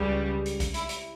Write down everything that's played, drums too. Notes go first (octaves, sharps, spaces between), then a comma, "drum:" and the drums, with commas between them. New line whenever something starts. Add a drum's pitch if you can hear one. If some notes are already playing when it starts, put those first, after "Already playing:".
Already playing: C#2 C#3 G3
drum: hi-hat
drum: kick B1, hi-hat
E4, drum: hi-hat
drum: hi-hat